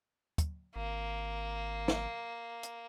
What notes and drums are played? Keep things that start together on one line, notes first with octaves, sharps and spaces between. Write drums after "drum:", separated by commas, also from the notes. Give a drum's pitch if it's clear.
drum: kick, hi-hat
G#1 A#3
drum: snare
drum: hi-hat